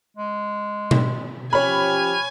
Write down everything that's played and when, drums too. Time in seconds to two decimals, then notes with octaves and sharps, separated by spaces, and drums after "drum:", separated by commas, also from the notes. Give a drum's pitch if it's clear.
0.17 G#3
0.91 drum: tom B2
1.53 F3 C#4 G4 C#5 G#5 B5 F6